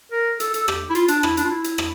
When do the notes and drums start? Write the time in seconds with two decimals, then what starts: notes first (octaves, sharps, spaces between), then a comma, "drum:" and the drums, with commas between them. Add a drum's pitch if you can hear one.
0.12 A#4
0.40 A4, drum: hi-hat
0.54 A4, drum: hi-hat
0.68 G4, drum: rim click
0.90 E4
0.95 F4, drum: hi-hat
1.08 D4, drum: hi-hat
1.23 E4, drum: rim click
1.37 D4, drum: hi-hat
1.45 F4
1.50 E4
1.64 drum: hi-hat
1.78 drum: rim click